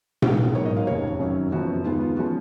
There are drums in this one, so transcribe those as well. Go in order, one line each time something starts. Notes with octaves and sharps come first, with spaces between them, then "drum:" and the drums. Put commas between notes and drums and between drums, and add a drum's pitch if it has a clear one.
B1 A#2 G#3 B3, drum: tom A2
G#2 F#3 A#3 C#5
D#5
F5
F1 D#2 C#3 C#5
F#2 D#3 F#3 C#4
F#1 F#2 F3 B3 F#4
D#2 D#3 G#3 B3 F4
F4
F3 G#3 C#4 F#4